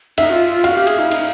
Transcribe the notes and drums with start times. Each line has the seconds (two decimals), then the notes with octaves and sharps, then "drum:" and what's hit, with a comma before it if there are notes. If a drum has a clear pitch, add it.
0.18 D#4 E5, drum: cymbal
0.29 F#4
0.33 F4
0.49 F4
0.64 F#4 F5, drum: cymbal
0.76 G4
0.87 G#4, drum: cymbal
0.99 D#4
1.06 E4
1.11 D#4, drum: cymbal